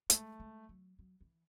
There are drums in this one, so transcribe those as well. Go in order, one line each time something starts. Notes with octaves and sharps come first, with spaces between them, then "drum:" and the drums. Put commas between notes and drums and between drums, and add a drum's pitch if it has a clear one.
G#3 A3, drum: hi-hat
G#3
F#3
F#3
E3